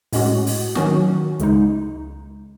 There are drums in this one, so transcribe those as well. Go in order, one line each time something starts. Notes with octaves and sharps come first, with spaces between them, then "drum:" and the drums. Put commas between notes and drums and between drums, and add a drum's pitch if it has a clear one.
A2 G#3 C#4 F#4, drum: open hi-hat
drum: open hi-hat
D#3 F#3 C#4 F#4, drum: snare
C#2 C#3 G#3 D#4, drum: hi-hat